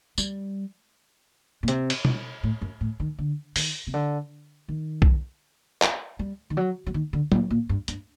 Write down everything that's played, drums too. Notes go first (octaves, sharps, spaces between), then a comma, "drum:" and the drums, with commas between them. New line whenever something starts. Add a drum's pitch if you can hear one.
G3, drum: tambourine
A#2
C3, drum: hi-hat
drum: cymbal
drum: tom
A2
F#2
A2
D#3
D3
D#3, drum: open hi-hat
C3
D3
D#3
drum: kick B1
drum: clap
G3
D#3
F#3
F#3
D#3
D3
A#2, drum: tom
A#2
G2
G2, drum: hi-hat